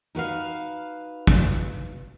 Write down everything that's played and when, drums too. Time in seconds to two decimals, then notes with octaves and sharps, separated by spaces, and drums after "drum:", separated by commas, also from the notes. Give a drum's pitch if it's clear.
0.15 D#4 F#4 B4 F5
1.27 drum: kick